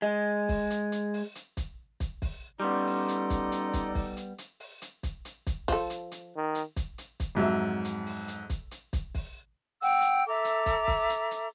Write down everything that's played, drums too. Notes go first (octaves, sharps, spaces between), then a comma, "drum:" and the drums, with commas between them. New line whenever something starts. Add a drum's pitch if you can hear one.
G#3
drum: kick, open hi-hat
drum: hi-hat
drum: hi-hat
drum: open hi-hat
drum: hi-hat
drum: kick, hi-hat
drum: kick, hi-hat
drum: kick, open hi-hat
G3 B3 C#4 D#4 A4 D5 C6 D6
drum: open hi-hat
drum: hi-hat
drum: kick, hi-hat
drum: hi-hat
drum: kick, hi-hat
drum: kick, open hi-hat
drum: hi-hat
drum: hi-hat
drum: open hi-hat
drum: hi-hat
drum: kick, hi-hat
drum: hi-hat
drum: kick, hi-hat
F3 A4, drum: kick, open hi-hat
drum: hi-hat
drum: hi-hat
D#3
drum: hi-hat
drum: kick, hi-hat
drum: hi-hat
drum: kick, hi-hat
F2 G#2 F#3 E5
drum: hi-hat
drum: open hi-hat
drum: hi-hat
drum: kick, hi-hat
drum: hi-hat
drum: kick, hi-hat
drum: kick, open hi-hat
F#5 G5 E6, drum: open hi-hat
drum: hi-hat
A4 E5 A#5 D6
drum: hi-hat
drum: kick, hi-hat
drum: kick, open hi-hat
drum: hi-hat
drum: hi-hat